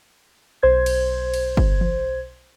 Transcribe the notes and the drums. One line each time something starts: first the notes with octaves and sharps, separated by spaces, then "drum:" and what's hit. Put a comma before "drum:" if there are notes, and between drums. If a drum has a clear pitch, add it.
B1 C5 G#6
drum: cymbal
drum: cymbal
drum: kick G1
drum: tom E3